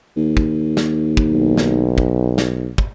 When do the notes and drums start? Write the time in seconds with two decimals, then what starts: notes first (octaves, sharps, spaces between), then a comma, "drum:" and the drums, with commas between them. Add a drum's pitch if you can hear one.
0.17 D#2
0.37 drum: kick
0.77 drum: snare
1.17 drum: kick
1.30 B1
1.57 drum: snare
1.98 drum: kick
2.38 drum: snare
2.78 drum: kick